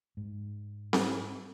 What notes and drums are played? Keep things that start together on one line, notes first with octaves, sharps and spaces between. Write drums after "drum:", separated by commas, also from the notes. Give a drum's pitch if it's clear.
G#2
drum: snare C4